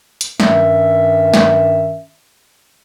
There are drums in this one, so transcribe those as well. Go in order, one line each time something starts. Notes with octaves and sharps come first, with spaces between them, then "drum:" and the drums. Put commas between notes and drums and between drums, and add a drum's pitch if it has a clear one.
drum: hi-hat
G2 D#3 C#4 E5, drum: snare
drum: snare